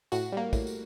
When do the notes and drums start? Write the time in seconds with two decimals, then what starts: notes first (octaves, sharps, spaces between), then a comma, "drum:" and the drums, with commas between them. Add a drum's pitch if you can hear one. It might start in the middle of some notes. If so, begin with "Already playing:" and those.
0.12 A2 F#4, drum: tambourine
0.32 G3 A#3
0.53 A2, drum: kick, tambourine
0.67 drum: tambourine